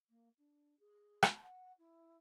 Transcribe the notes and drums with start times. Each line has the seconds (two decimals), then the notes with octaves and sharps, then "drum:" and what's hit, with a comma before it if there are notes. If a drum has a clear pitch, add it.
0.09 A#3
0.38 D4
0.79 G#4
1.23 drum: rim click
1.41 F#5
1.78 E4